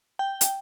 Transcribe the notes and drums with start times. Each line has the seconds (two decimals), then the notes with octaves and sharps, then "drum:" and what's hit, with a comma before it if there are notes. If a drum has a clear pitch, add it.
0.19 G5
0.41 drum: hi-hat